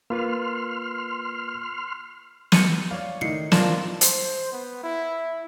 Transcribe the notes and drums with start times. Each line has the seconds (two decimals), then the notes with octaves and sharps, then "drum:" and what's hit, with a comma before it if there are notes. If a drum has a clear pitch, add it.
0.10 A#3 F4 B4 C6 F6
2.52 G6 C#7 D#7, drum: snare
2.91 C#5 D5 F5
3.21 A2 D#3 D#4 C7 C#7
3.52 F3 D4 F4 A#4 D5 A5, drum: snare
4.01 C5, drum: hi-hat
4.52 B3
4.83 E4